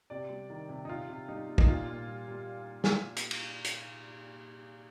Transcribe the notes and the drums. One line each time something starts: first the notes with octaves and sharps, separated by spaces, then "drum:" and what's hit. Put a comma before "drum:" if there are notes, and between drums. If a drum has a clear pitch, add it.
C3 D5
G3
D#3
C3
D#4
C3 F4
C3
G3 D#4
G3
D#4, drum: kick
A#2 F4
A#2
G3
G3
drum: snare
drum: hi-hat
drum: cymbal
drum: hi-hat